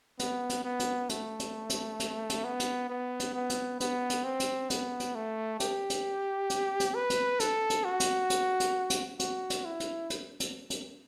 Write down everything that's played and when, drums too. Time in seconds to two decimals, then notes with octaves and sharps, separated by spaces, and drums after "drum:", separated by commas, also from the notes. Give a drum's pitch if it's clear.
0.19 B3, drum: hi-hat
0.50 drum: hi-hat
0.65 B3
0.80 drum: hi-hat
1.09 A3, drum: hi-hat
1.40 drum: hi-hat
1.70 drum: hi-hat
2.00 drum: hi-hat
2.30 drum: hi-hat
2.44 B3
2.60 drum: hi-hat
2.90 B3
3.20 drum: hi-hat
3.34 B3
3.50 drum: hi-hat
3.80 B3, drum: hi-hat
4.10 drum: hi-hat
4.24 C4
4.40 drum: hi-hat
4.70 B3, drum: hi-hat
5.00 drum: hi-hat
5.15 A3
5.60 G4, drum: hi-hat
5.90 drum: hi-hat
6.50 drum: hi-hat
6.80 drum: hi-hat
6.95 B4
7.10 drum: hi-hat
7.40 A4, drum: hi-hat
7.70 drum: hi-hat
7.84 F#4
8.00 drum: hi-hat
8.30 drum: hi-hat
8.60 drum: hi-hat
8.90 drum: hi-hat
9.20 F#4, drum: hi-hat
9.50 drum: hi-hat
9.65 E4
9.80 drum: hi-hat
10.10 drum: hi-hat
10.40 drum: hi-hat
10.70 drum: hi-hat